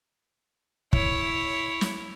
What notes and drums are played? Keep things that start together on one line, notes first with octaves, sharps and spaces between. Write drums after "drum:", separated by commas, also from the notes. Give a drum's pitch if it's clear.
E4 C#5, drum: kick
drum: snare